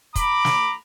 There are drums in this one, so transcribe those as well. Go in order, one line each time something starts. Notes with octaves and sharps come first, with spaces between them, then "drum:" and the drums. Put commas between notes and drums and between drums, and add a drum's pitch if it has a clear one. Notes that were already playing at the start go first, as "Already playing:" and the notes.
A#5 B5 D6, drum: kick, hi-hat
drum: snare